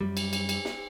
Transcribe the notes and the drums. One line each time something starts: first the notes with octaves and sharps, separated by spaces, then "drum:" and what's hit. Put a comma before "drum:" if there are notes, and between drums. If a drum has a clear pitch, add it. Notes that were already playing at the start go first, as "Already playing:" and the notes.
F#2 G3
drum: cymbal
drum: cymbal
drum: cymbal
drum: snare